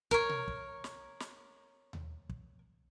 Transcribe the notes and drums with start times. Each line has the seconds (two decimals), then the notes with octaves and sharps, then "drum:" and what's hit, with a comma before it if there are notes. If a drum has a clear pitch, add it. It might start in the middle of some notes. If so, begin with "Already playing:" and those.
0.11 A#4 C#5, drum: kick
0.29 drum: tom B2
0.48 drum: kick
0.84 drum: snare
1.20 drum: snare
1.93 drum: tom D#2
2.29 drum: kick